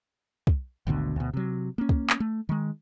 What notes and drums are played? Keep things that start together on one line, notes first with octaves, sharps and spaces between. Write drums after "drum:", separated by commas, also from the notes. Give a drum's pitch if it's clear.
drum: kick
G#1 D2 B2 D3
D2 B2
C3 F#3
A#3 C#4
drum: kick
drum: clap
A3
D#3 G#3